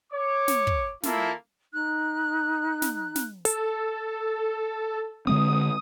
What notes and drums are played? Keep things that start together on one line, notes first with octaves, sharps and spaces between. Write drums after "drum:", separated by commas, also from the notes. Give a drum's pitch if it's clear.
C#5 D6
drum: snare
drum: kick
A#3 E4 F4 A4, drum: snare
D#4 F#6
drum: snare
drum: snare
A4, drum: hi-hat
D3 G#3 C4 D#6